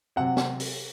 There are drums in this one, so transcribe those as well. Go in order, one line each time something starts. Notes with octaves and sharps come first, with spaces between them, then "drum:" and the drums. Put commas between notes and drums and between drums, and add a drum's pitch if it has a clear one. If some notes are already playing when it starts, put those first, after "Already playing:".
C3 F#3 C4 F#5
drum: snare
drum: open hi-hat